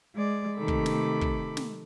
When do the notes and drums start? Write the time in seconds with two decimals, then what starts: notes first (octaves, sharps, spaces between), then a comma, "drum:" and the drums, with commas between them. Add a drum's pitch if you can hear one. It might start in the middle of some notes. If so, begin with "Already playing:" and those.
0.15 G#3 D5
0.58 C3 D#3 A3 A4 B5 D6
0.68 drum: kick
0.86 drum: snare
1.21 drum: kick
1.57 drum: snare